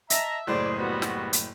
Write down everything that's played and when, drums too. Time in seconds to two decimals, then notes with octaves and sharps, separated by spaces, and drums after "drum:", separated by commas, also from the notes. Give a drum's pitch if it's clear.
0.10 D#5 E5 A5 A#5, drum: hi-hat
0.47 F#1 A2 G#4 C5 D5
0.78 G3 B3 F#4
1.02 drum: snare
1.33 drum: hi-hat